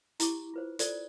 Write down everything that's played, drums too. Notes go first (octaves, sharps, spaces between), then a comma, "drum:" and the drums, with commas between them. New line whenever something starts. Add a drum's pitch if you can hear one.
E4 G4 D6, drum: hi-hat
F4 B4 C5
F4 A4 C5 D5, drum: hi-hat